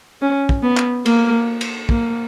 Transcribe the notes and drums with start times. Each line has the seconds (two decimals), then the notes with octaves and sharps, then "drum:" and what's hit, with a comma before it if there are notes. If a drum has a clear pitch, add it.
0.22 C#4
0.49 drum: kick
0.63 B3
0.77 drum: clap
1.06 A#3, drum: cymbal
1.61 drum: cymbal
1.89 A#3, drum: kick